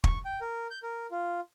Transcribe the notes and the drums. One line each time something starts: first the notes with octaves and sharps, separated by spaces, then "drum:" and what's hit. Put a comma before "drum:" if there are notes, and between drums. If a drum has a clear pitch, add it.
C#6, drum: kick
G5
A#4
G6
A#4
F4